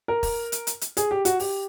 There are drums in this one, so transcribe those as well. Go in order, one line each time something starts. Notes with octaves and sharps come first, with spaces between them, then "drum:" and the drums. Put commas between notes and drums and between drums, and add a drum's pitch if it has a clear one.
A#4
drum: kick E1, open hi-hat
drum: hi-hat
drum: hi-hat
drum: hi-hat
G#4, drum: hi-hat
G4
F#4, drum: hi-hat
G4, drum: open hi-hat